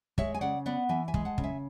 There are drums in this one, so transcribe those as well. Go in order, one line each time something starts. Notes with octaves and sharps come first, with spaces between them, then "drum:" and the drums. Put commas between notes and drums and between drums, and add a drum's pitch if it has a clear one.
G#3 C#5 E5, drum: kick
G#5
C#3 D5 F#5
B3 D5 F#5
E3 E5 G#5
E5 G#5
G#3, drum: kick
F#5 A5
C#3, drum: kick
E5 G#5